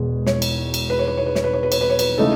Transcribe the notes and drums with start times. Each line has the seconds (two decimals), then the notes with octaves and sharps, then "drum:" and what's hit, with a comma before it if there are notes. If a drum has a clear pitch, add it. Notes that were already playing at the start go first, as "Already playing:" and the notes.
Already playing: E1 E2 B2 G#3
0.26 C#5, drum: snare
0.42 drum: cymbal
0.74 drum: cymbal
0.90 B4
0.99 C#5
1.08 B4
1.17 C#5
1.26 B4
1.35 C#5, drum: snare
1.44 B4
1.53 C#5
1.63 B4
1.72 C#5, drum: cymbal
1.81 B4
1.90 C#5
1.99 B4, drum: cymbal
2.18 C#3 E3 A3 D#4 A4